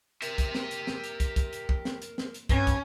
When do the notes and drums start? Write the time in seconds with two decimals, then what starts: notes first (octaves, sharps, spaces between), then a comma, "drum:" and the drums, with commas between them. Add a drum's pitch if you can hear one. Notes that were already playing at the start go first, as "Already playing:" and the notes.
0.22 G4 A#4 E5, drum: hi-hat
0.38 drum: kick, hi-hat
0.55 drum: snare
0.71 drum: hi-hat
0.87 drum: snare
1.04 drum: hi-hat
1.20 drum: kick, hi-hat
1.36 drum: kick, hi-hat
1.53 drum: hi-hat
1.69 drum: kick
1.85 drum: snare
2.02 drum: hi-hat
2.18 drum: snare
2.34 drum: hi-hat
2.49 G2 C#4, drum: kick, hi-hat
2.67 drum: kick, hi-hat